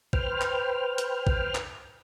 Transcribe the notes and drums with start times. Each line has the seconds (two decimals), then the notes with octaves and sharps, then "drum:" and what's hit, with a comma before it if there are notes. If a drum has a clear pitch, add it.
0.13 B4 C5 G5 F6, drum: kick
0.41 drum: clap
0.98 drum: hi-hat
1.27 drum: kick
1.55 drum: clap